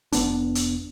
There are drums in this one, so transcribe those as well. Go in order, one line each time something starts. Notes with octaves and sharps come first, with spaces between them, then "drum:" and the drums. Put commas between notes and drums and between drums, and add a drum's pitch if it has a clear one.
F1 B3 D4, drum: hi-hat
drum: hi-hat